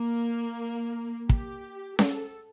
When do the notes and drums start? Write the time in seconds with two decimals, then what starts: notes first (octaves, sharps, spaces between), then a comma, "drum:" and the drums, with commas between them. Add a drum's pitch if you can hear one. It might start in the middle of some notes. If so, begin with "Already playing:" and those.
Already playing: A#3
1.29 G4, drum: kick
1.99 A4, drum: snare C#4